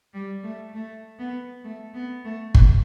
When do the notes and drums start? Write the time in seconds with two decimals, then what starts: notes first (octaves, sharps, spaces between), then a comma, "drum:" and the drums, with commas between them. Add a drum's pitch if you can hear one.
0.14 G3
0.44 A3
0.74 A3
1.19 B3
1.64 A3
1.94 B3
2.25 A3
2.55 drum: kick G1